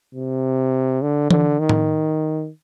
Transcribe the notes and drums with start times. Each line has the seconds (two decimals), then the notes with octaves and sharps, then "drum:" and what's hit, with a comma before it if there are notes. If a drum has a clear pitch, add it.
0.15 C3
1.02 D3
1.31 D3, drum: tom E3
1.59 D#3
1.69 drum: tom A2